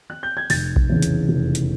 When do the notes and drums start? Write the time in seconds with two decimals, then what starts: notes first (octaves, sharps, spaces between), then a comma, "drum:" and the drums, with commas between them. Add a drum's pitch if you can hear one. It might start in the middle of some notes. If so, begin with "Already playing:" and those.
0.10 F#6
0.23 G6
0.37 G#6
0.50 F1 A6, drum: open hi-hat
0.76 drum: kick A#1
0.90 E2 C#3
1.02 drum: hi-hat
1.29 F1
1.55 drum: hi-hat